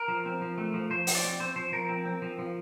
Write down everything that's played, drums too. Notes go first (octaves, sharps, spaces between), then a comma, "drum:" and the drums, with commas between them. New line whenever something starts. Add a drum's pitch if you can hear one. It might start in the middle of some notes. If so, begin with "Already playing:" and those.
Already playing: A#4
F3
C4
F3
A3
F3
F3 C5
F3, drum: open hi-hat
D5
C4
C4 C5
F3 C5
F3 A#4
C4
C4
F3
F3